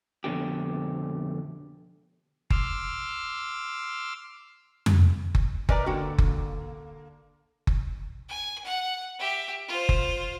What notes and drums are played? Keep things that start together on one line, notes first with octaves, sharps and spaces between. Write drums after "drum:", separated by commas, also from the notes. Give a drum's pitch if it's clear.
F2 B2 D3 G4
C6 D6 E6 F6, drum: kick F#1
drum: tom F2
drum: kick F#1
A#4 B4 D5 G#5 A#5, drum: kick F#1
D3 A#3 F#4 G5
drum: kick F#1
drum: kick F#1
G#5
F#5
G4 E5
F4 C5
drum: kick F#1